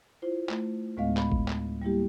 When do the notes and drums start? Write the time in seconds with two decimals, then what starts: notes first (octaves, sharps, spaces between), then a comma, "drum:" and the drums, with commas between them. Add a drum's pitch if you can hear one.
0.22 E4 F4 C5
0.49 A3, drum: clap
0.97 D2 A2 G#3 B3 D#5 F5
1.17 B5, drum: clap
1.32 drum: kick G#1
1.48 drum: clap
1.82 G3 A#3 E4 G4